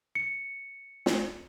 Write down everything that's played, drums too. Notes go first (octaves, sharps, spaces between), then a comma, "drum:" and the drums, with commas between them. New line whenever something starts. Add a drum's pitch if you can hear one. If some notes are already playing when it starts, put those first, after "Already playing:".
C#7
drum: snare